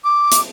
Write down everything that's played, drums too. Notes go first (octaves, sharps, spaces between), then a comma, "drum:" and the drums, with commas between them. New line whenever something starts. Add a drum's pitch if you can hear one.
D6
drum: hi-hat